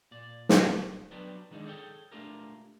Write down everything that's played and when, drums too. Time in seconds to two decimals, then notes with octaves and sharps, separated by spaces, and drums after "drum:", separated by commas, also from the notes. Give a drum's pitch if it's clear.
0.11 A#2 D5
0.49 drum: snare
1.11 F#3 B3 D4 G4 B4 C5
1.51 D#3 G#3 D4 D#4
1.66 G#4 A4 C#5 G5
2.11 A3 D4 F4 G4 A#4